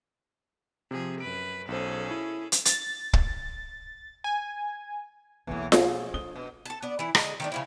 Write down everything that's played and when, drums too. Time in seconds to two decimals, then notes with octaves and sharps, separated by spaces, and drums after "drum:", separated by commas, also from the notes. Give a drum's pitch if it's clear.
0.91 C3 F3 G#4
1.20 F#2 B4 D7
1.68 B1 C#4 G#4 A4 C5
2.11 E4
2.52 drum: hi-hat
2.65 A6, drum: hi-hat
3.13 drum: kick
4.24 G#5
5.47 B1 E2 A2 E3 A#3
5.72 F2 G#4 C#5, drum: snare F4
6.14 D4 D#6 G7
6.36 B2
6.65 A4 A5
6.82 B3 D4
6.99 E3 E4
7.15 D3 G#3, drum: rim click
7.40 D#3 A3 D4
7.52 C#3 F3 E4